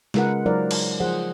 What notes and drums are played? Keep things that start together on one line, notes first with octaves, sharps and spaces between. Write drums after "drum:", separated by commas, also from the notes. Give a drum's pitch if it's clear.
C#3 G#3 F4 A#4 B4 F#5, drum: snare
F#3 D#4 A#4 C5 D5 F5
drum: cymbal
F3 G#4 C5 F#5